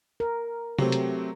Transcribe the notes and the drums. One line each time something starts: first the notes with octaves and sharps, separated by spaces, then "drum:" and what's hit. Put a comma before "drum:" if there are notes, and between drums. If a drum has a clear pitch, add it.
A#4
C3 F#3 A3 C4, drum: tom C3
drum: hi-hat